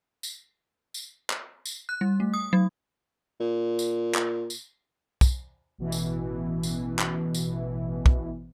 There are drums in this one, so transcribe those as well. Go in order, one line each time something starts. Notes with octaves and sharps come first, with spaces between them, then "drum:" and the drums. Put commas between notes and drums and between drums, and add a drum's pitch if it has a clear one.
drum: tambourine
drum: tambourine
drum: clap
drum: tambourine
F#6
G3
A3
D#6
F#3
A#2
drum: tambourine
drum: clap
drum: tambourine
drum: kick, tambourine
A1 B2 E3
drum: tambourine
drum: tambourine
drum: clap
drum: tambourine
drum: kick